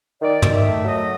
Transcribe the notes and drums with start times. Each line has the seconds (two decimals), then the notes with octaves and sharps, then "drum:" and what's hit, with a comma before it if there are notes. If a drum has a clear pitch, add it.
0.21 D#3 D5
0.42 D#3, drum: tom
0.53 E5
0.64 A3
0.85 F#3 D#5